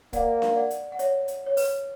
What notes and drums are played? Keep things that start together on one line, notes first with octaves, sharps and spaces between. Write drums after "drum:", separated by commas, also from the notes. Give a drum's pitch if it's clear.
A#3 D5 F#5, drum: kick, hi-hat
drum: snare D4
D5 F#5
drum: hi-hat
F#5
C#5 E5, drum: hi-hat
drum: hi-hat
C#5
B4, drum: open hi-hat